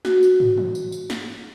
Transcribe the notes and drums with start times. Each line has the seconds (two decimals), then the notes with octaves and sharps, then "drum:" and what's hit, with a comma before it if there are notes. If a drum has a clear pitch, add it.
0.05 F#4, drum: snare
0.23 drum: tambourine
0.40 drum: tom
0.58 drum: tom E3
0.75 drum: tambourine
0.92 drum: tambourine
1.10 drum: snare